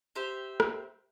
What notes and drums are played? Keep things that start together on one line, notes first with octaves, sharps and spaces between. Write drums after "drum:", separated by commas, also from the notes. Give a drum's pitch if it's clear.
G4 C5 E5
drum: rim click